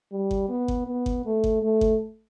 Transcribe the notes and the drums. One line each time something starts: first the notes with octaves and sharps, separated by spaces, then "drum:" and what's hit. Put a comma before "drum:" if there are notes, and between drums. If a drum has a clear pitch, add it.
G3
drum: kick G1
B3
drum: kick G1
B3
drum: kick G1
A3
drum: kick G1
A3
drum: kick G1